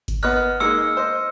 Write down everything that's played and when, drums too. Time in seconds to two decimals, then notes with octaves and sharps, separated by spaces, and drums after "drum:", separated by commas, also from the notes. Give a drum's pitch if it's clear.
0.08 drum: kick G1, hi-hat
0.23 B3 D#5 F6 F#6
0.60 G#3 A#3 D#4 E6 C#7
0.97 C5 D#5